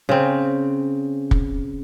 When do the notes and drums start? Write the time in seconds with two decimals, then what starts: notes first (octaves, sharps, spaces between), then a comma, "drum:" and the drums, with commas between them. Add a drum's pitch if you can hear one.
0.09 C#3 C4
1.31 drum: kick